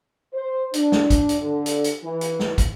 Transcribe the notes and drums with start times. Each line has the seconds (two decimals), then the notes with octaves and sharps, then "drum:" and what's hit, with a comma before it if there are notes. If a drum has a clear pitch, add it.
0.32 C5
0.74 D4, drum: hi-hat
0.92 drum: snare
1.10 drum: kick, hi-hat
1.29 drum: hi-hat
1.40 D3
1.66 drum: hi-hat
1.84 drum: hi-hat
2.03 E3
2.21 drum: hi-hat
2.40 drum: snare
2.58 drum: kick, hi-hat